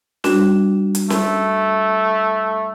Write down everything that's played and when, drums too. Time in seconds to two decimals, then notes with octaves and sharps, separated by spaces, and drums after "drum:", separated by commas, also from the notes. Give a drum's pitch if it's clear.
0.24 G3 D4 F#4, drum: snare
0.95 drum: hi-hat
1.10 A3, drum: snare